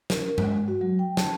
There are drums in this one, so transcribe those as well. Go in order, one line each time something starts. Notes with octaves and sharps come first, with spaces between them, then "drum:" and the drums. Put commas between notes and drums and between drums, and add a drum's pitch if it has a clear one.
A#4, drum: snare
G#3, drum: tom G2
F#4
F#3
G5
A5, drum: snare